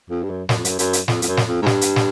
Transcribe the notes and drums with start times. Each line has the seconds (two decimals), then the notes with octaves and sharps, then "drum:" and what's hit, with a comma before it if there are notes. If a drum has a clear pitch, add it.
0.10 F2
0.23 G2
0.30 F#2
0.49 F#2, drum: snare
0.57 F2
0.65 F#2, drum: hi-hat
0.79 F#2, drum: hi-hat
0.93 drum: hi-hat
1.08 F2, drum: snare
1.22 F2, drum: hi-hat
1.27 F#2
1.37 drum: snare
1.47 F2
1.62 G#2
1.66 G2, drum: snare
1.81 drum: hi-hat
1.96 drum: snare